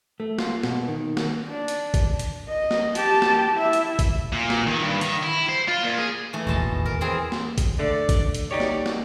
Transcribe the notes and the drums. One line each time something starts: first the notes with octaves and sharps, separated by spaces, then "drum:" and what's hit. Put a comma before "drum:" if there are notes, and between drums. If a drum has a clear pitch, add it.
A3
F4, drum: snare
B2, drum: snare
D#3
drum: snare
D4
drum: hi-hat
drum: kick, hi-hat
drum: hi-hat
D#5
drum: snare
G4 A5, drum: hi-hat
drum: snare
E4 E5
drum: hi-hat
drum: kick, hi-hat
A#2
drum: snare
D#3
G2
D#3, drum: hi-hat
E4
C5
F4
A#2
G#4
E3 A3
E1 A1 D#2 B2 G#3 A5
A#4
E3 C4 G#4
drum: snare
drum: kick, hi-hat
D3 A3 D5
drum: kick, hi-hat
drum: hi-hat
D#4 G4 C#5 D5
drum: snare
drum: snare